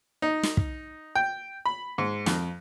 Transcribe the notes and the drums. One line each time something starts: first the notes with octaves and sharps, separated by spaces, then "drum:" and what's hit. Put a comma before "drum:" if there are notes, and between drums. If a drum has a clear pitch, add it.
D#4
drum: snare
drum: kick
G5
B5
G#2
F2, drum: snare